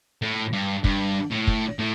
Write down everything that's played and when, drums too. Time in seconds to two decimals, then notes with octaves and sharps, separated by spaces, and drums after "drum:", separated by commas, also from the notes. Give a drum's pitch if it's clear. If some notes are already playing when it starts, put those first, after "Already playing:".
0.22 A2
0.53 G2
0.84 G2, drum: kick
1.31 A2
1.47 drum: kick
1.79 A2